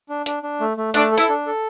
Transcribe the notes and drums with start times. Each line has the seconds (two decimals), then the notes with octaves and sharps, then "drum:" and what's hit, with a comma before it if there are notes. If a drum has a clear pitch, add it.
0.09 D4
0.26 D4, drum: hi-hat
0.43 D4
0.60 A3
0.77 A3
0.94 A3 D4, drum: hi-hat
1.12 A4
1.18 E4, drum: hi-hat
1.29 D4
1.47 A4